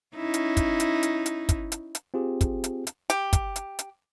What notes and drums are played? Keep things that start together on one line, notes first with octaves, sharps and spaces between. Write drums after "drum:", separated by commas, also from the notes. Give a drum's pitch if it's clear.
C#4 D#4 E4
drum: hi-hat
drum: kick, hi-hat
drum: hi-hat
drum: hi-hat
drum: hi-hat
drum: kick, hi-hat
drum: hi-hat
drum: hi-hat
C4 F4 G4 G#4
drum: kick, hi-hat
drum: hi-hat
drum: hi-hat
G4, drum: hi-hat
drum: kick, hi-hat
drum: hi-hat
drum: hi-hat